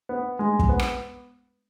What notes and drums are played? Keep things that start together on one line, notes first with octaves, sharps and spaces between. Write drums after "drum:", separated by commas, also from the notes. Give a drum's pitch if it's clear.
B3
G#3
drum: kick
B3
drum: rim click